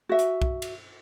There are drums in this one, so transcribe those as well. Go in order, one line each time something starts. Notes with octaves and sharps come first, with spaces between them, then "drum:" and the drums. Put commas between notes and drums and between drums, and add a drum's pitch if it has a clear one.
F#4 E5
drum: hi-hat
drum: kick B1
drum: cymbal